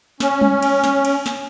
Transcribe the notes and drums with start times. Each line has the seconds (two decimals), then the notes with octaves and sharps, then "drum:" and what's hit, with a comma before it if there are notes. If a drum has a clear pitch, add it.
0.20 C#4, drum: snare
0.41 drum: tom G3
0.63 drum: cymbal
0.84 drum: snare
1.05 drum: cymbal
1.26 drum: snare